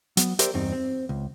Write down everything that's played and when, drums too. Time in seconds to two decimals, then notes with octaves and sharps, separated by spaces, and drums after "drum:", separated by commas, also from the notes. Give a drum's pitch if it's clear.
0.17 F#3 B3, drum: hi-hat
0.39 G4 A#4 C5 D5 E5, drum: hi-hat
0.54 E2 G2 C4 D#4
0.72 C4
1.09 C#2